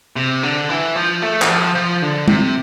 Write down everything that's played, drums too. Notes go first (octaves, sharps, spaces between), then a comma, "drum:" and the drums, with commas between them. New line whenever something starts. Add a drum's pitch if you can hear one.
C3
D3
E3
F3
A3
E3, drum: clap
F3
F3
D3
C3, drum: tom